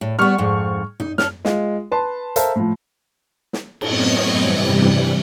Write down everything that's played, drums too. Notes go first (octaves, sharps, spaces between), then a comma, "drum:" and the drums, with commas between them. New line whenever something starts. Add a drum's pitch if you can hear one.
A2
G3 B3 C#6 F6
F2 G#2
D#4, drum: tom F#2
C#4 A4 F6, drum: snare
G#3 F4, drum: snare
B4 A5 C6
A4 A#4 C5 E5 F5 A5, drum: hi-hat
A2 F3
drum: snare
F#2 A2 B3 C4 C#5 D#5, drum: cymbal
G2 C3 E3 G3